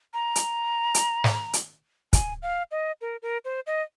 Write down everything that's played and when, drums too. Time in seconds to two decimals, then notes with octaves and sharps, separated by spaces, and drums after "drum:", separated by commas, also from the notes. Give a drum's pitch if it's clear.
0.14 A#5
0.36 drum: hi-hat
0.94 drum: hi-hat
1.24 drum: snare
1.53 drum: hi-hat
2.13 G#5, drum: kick, hi-hat
2.42 F5
2.71 D#5
3.01 A#4
3.22 A#4
3.45 C5
3.67 D#5